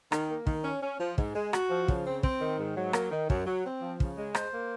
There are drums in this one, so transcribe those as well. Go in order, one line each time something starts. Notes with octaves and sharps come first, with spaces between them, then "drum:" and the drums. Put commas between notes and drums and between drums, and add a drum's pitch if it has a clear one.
D#3, drum: rim click
A#3
D#3, drum: kick
C#4
C#4
F3
G#2, drum: kick
G#3
F#4, drum: rim click
F3
C#3, drum: kick
C4
C4, drum: kick
D#3
G#2
F#3
A#3, drum: rim click
D#3
F#2, drum: kick
F#3
C4
F3
C#3, drum: kick
G#3
C5, drum: rim click
A#3